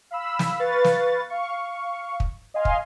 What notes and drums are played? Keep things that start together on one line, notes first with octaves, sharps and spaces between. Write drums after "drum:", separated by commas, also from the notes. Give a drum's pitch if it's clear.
F5 B5 E6
drum: snare
B4 F5 C#6 A6
drum: snare
F5 C#6
drum: kick
D#5 F5 G#5 C6
drum: kick